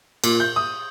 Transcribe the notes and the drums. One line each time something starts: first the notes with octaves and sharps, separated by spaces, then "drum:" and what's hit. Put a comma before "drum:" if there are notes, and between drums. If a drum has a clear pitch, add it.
A#2, drum: cymbal
G6
D#6